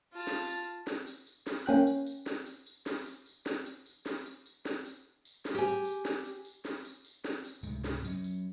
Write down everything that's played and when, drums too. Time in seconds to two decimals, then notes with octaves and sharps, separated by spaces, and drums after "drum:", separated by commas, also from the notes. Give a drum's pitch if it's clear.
0.13 F4 A5
0.27 drum: snare
0.47 drum: tambourine
0.87 drum: snare
1.07 drum: tambourine
1.27 drum: tambourine
1.47 drum: snare
1.66 A#3 C#4 G5 F#6, drum: tambourine
1.87 drum: tambourine
2.06 drum: tambourine
2.26 drum: snare
2.46 drum: tambourine
2.66 drum: tambourine
2.86 drum: snare
3.06 drum: tambourine
3.26 drum: tambourine
3.46 drum: snare
3.66 drum: tambourine
3.86 drum: tambourine
4.06 drum: snare
4.26 drum: tambourine
4.46 drum: tambourine
4.66 drum: snare
4.85 drum: tambourine
5.25 drum: tambourine
5.45 drum: snare
5.54 G4 G#5
5.65 drum: tambourine
5.85 drum: tambourine
6.05 drum: snare
6.25 drum: tambourine
6.45 drum: tambourine
6.65 drum: snare
6.85 drum: tambourine
7.05 drum: tambourine
7.25 drum: snare
7.44 drum: tambourine
7.63 C#2 G#2 C3 A3, drum: tambourine
7.84 drum: snare
8.04 F#3 C#4, drum: tambourine
8.24 drum: tambourine